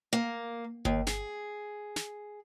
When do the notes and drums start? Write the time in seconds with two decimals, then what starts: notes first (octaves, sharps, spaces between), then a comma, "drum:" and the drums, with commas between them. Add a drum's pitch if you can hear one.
0.13 A#3
0.85 D#2, drum: kick G1
1.07 G#4, drum: snare
1.96 drum: snare